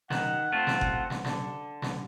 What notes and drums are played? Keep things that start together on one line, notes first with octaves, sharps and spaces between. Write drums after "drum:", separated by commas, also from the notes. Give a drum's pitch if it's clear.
D#3 F#5, drum: snare
A3 C4 F4
drum: snare
drum: kick G1
drum: snare
D3, drum: snare
drum: snare